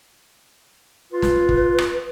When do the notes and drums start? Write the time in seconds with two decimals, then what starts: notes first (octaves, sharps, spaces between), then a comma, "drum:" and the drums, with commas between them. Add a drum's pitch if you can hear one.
1.12 F4 B4
1.22 drum: snare
1.49 drum: kick
1.78 drum: rim click